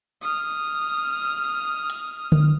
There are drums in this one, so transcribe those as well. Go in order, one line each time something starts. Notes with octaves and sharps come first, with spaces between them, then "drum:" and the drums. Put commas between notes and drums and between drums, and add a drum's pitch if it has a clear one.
D#6 F6
drum: hi-hat
drum: tom D3